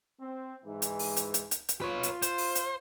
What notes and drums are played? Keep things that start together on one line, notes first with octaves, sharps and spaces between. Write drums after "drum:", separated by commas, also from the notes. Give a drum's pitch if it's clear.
C4
G#2 E3
drum: hi-hat
drum: open hi-hat
drum: hi-hat
drum: hi-hat
drum: hi-hat
drum: hi-hat
F4 B4 C#5
drum: hi-hat
C5, drum: hi-hat
drum: open hi-hat
drum: hi-hat